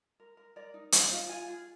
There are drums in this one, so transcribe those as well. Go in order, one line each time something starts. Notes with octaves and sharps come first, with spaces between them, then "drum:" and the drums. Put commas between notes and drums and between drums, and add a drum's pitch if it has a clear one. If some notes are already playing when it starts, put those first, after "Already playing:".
A#4
A#4
A#4 D5
D#4
G#4 D#5, drum: hi-hat
F4
F4 G#5
G#4